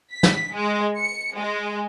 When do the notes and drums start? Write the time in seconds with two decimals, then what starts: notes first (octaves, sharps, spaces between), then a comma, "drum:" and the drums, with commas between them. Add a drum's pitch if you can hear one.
0.11 B6
0.23 drum: snare
0.54 G#3
0.98 C#7
1.36 G#3